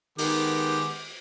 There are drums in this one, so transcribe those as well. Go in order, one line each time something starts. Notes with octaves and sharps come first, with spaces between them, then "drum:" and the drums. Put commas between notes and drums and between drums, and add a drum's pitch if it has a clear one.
D#3 G#3 B3 G4, drum: open hi-hat